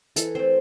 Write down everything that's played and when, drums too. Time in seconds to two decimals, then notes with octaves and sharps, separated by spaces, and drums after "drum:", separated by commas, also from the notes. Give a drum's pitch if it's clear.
0.16 E3 A4, drum: hi-hat
0.35 A3 C4 C5